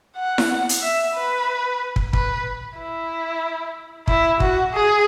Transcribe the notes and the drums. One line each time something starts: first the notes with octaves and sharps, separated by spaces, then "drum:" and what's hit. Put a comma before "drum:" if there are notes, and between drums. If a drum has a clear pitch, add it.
F#5
drum: snare E4
drum: hi-hat
E5
B4
drum: kick
B4, drum: kick
E4
E4, drum: kick
F#4, drum: kick
G#4